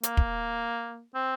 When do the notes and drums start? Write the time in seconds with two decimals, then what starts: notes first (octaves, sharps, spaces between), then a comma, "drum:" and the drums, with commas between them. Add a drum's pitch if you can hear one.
0.03 A#3, drum: hi-hat
0.17 drum: kick
1.15 C4